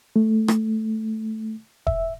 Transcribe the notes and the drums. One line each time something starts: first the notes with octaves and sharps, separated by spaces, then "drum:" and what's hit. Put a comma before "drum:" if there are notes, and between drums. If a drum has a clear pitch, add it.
A3
drum: rim click
E5, drum: kick E1